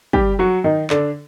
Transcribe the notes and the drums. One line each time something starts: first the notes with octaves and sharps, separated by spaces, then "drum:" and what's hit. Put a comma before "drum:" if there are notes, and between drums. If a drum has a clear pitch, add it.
G3 G4, drum: kick
F#3 F#4
D#3 D#4
D3 D4, drum: clap